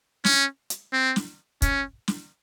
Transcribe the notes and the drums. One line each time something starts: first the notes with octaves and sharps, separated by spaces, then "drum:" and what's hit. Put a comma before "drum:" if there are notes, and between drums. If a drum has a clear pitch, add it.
C#4, drum: snare
drum: hi-hat
C4
drum: snare
C#4, drum: kick, hi-hat
drum: snare